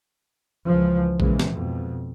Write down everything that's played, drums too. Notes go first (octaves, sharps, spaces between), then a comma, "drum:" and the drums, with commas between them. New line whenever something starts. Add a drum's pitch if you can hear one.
C#2 E3 F3
A#2 C#3 E3 G#3, drum: kick A#1
drum: snare
F2 B2